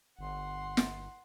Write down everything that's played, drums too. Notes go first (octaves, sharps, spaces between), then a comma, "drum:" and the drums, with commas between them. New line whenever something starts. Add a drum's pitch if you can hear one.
G1 F#5 C6
drum: snare